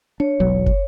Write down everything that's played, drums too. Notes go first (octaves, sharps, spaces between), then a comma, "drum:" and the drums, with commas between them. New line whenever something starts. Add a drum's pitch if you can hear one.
D4 C#5
E1 B1 F#3
drum: kick